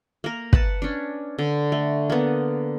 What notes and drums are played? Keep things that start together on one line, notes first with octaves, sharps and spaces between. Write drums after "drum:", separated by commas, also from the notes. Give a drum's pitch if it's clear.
A#3 A#4
B4 F#5 A5, drum: kick
C#4 D4
D3
A3
A#3 B3